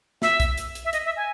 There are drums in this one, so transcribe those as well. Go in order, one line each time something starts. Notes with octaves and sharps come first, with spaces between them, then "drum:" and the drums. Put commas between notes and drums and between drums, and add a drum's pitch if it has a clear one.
E5, drum: snare
drum: kick B1, hi-hat
drum: hi-hat
drum: hi-hat
E5
D#5, drum: hi-hat
E5
G#5